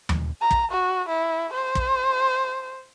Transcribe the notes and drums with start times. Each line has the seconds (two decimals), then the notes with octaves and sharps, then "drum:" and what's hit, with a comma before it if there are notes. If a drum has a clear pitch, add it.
0.09 drum: tom D#2
0.41 A#5
0.51 drum: kick
0.71 F#4
1.08 E4
1.53 C5
1.75 drum: kick